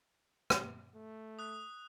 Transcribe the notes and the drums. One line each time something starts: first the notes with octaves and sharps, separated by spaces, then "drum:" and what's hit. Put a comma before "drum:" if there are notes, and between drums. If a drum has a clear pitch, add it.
drum: rim click
A3
D#6 F#6